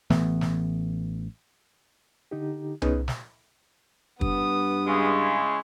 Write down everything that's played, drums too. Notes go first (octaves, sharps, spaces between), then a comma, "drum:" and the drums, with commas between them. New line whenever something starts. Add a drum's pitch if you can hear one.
A1 E3 A3 B3, drum: snare
drum: snare
D3 D#4 G4
B3 C#4 D#4 G#4 B4, drum: tom C2
drum: snare
G2 B3 D#6, drum: kick
C#3 G#3 E4